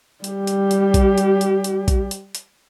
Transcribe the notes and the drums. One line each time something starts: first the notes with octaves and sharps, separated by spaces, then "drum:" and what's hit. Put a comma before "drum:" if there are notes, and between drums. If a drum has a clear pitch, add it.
G3 G4, drum: hi-hat
drum: hi-hat
drum: hi-hat
drum: kick, hi-hat
drum: hi-hat
drum: hi-hat
drum: hi-hat
drum: kick, hi-hat
drum: hi-hat
drum: hi-hat